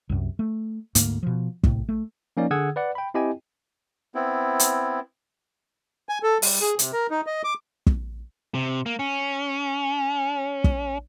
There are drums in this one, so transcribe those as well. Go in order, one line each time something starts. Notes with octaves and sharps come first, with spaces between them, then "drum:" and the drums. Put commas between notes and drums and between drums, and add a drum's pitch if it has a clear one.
C2 F#2
A3
D2 G#2 A#3, drum: hi-hat
B2 F3
C2 A2, drum: kick
A3
F3 A#3 C#4 D#4 D5
D3 G#4 F#5 D#6 E6 G#6
B4 D5 F#5
G5 B5
C4 E4 G4 D#5 G5 G#5
B3 C4 E4
drum: hi-hat
G#5
A4
G3, drum: open hi-hat
G#4
C3, drum: hi-hat
A#4
D#4
D#5
D6
drum: kick
C3
A#3
C#4
drum: kick